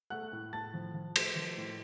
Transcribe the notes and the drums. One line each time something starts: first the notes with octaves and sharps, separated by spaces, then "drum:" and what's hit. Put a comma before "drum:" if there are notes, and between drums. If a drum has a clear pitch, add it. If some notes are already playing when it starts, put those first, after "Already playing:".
A3 F#5 F#6
A2
A2 A5 A6
F3
F3
A3, drum: cymbal
F3
A2